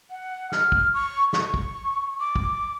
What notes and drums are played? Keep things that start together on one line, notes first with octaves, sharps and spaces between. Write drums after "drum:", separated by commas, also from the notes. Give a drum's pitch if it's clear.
F#5
F6, drum: snare
drum: kick
C#6
C#6, drum: snare
drum: kick
D6
drum: kick